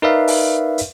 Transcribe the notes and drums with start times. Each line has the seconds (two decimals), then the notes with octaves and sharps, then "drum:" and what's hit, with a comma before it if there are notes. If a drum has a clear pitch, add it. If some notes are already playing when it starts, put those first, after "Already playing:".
0.02 D#4 A#4 B4 D5 E5 F5
0.28 drum: open hi-hat
0.78 drum: hi-hat